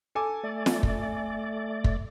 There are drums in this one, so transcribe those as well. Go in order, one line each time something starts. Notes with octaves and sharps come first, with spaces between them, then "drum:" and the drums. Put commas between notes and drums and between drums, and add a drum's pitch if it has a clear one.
A4 G#5 D6
A3 D5
drum: snare
drum: kick
drum: kick